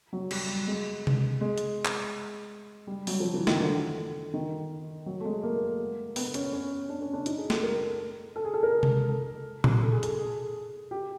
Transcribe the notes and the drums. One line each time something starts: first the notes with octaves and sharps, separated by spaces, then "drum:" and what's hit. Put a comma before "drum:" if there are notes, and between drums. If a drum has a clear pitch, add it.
F#3
G3, drum: cymbal
G#3
drum: tom C3
G#3
drum: hi-hat
drum: clap
G3
F#3, drum: open hi-hat
F3
E3
D#3, drum: snare
D3
D#3
F#3
A3
G#3
A#3
B3, drum: open hi-hat
C#4, drum: hi-hat
C#4
D4
C#4
D4
D#4, drum: hi-hat
G#4
A4, drum: snare
A#4
A4
G#4
A4
A#4
drum: tom C3
A4
drum: tom A#2
A4
G#4
A4, drum: hi-hat
G#4
G4